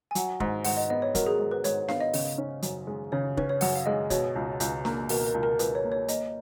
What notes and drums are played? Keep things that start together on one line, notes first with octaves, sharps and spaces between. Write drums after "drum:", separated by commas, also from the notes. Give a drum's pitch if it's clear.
G#5
F#3 F#5, drum: hi-hat
G#2, drum: kick
G#2 F#5, drum: open hi-hat
D#5
B3 D#5
C#5
F#3 A#4, drum: kick, hi-hat
G#4
G#2
B4
G#2 C#5, drum: hi-hat
B3 F5, drum: snare D4
D#5
C#3, drum: open hi-hat
C#4
F#2, drum: hi-hat
G#3
C#3 C#5
C#4 B4, drum: kick
C#5
F#2 F#5, drum: open hi-hat
F5
G#3 D#5
B2 C#5, drum: kick, hi-hat
C#2
C#2, drum: hi-hat
A#3, drum: snare D4
B2 A#4, drum: open hi-hat
A#4
C#2
A#4
C#2 B4, drum: hi-hat
C#5
A#3
C#5
A#3 D#5, drum: hi-hat